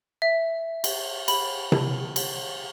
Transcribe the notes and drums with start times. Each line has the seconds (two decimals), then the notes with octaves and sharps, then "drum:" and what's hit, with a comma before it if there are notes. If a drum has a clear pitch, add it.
0.22 E5
0.84 drum: cymbal
1.28 B5, drum: cymbal
1.72 drum: tom C3
2.16 drum: cymbal